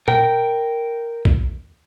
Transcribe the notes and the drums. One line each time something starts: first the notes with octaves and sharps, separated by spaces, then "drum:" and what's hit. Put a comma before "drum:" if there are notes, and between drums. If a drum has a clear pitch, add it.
A#4 G5, drum: tom A#2
drum: kick